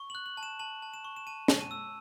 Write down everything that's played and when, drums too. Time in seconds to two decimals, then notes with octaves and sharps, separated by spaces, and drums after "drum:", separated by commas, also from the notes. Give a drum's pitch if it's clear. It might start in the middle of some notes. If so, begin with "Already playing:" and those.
Already playing: C#6
0.10 F#6 F#7
0.26 F#7
0.37 A5
0.43 E7
0.59 A5 F#7
0.82 A5
0.94 E7
1.05 C#6
1.16 E7
1.27 A5 D#7
1.48 A5, drum: snare
1.60 D#7
1.71 E6